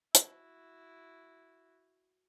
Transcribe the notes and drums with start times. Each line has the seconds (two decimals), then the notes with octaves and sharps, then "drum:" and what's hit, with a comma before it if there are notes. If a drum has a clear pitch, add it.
0.14 E4 F#4, drum: hi-hat